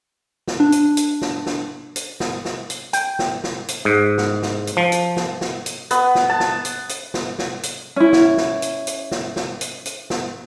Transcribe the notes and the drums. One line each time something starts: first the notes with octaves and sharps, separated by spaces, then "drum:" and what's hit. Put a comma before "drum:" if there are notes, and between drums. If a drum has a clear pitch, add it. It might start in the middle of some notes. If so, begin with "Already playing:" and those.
drum: snare
D4
drum: hi-hat
drum: hi-hat
drum: snare
drum: snare
drum: hi-hat
drum: snare
drum: snare
drum: hi-hat
G5, drum: hi-hat
drum: snare
drum: snare
drum: hi-hat
G#2
drum: snare
drum: snare
drum: hi-hat
F3
drum: hi-hat
drum: snare
drum: snare
drum: hi-hat
B3, drum: hi-hat
drum: snare
A5
drum: snare
drum: hi-hat
drum: hi-hat
drum: snare
drum: snare
drum: hi-hat
C#4 E4
drum: snare
drum: snare
drum: hi-hat
drum: hi-hat
drum: snare
drum: snare
drum: hi-hat
drum: hi-hat
drum: snare